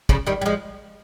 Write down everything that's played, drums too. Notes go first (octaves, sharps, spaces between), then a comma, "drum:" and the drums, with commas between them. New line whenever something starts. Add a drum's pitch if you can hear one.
C#3 F3, drum: kick
D#3 G3
G3
F3 G#3